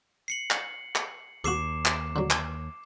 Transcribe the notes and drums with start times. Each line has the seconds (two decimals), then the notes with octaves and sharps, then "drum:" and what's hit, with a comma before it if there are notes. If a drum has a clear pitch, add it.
0.28 C7 C#7 F#7
0.51 drum: clap
0.96 drum: clap
1.44 D#2 F#4 A4 D6 C7 E7
1.85 drum: clap
2.16 D3 F#3
2.30 drum: clap